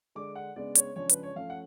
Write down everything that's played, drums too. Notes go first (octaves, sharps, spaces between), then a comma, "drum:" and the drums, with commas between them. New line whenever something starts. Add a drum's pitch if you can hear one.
D3 G#3 D4 D6
F#5
C#3 G#3 B3 D4 D5
C#5, drum: hi-hat
C#3 F3 G#3 D4 C#5
B4, drum: hi-hat
C#5
F3 A3 C#4 F5
F#5